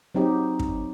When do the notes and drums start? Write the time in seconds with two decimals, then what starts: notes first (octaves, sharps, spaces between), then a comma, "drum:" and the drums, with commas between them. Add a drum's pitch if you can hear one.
0.15 F#3 C4 D#4 G4
0.59 drum: kick